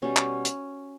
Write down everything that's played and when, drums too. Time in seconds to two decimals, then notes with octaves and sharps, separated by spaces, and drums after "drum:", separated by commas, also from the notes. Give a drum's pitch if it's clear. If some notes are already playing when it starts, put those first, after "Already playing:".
0.02 B2 G3 B3 C#4
0.16 drum: clap
0.45 drum: hi-hat